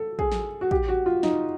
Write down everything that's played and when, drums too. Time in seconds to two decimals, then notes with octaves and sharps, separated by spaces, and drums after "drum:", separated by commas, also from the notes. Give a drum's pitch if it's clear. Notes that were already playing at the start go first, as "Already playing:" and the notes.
Already playing: A4
0.19 G#4, drum: kick
0.32 drum: snare
0.61 F#4
0.71 G4, drum: kick
0.89 F#4
1.06 F4
1.23 D#4, drum: snare